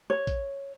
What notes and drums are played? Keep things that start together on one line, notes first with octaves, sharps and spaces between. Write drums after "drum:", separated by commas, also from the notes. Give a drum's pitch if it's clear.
C#5
drum: kick, hi-hat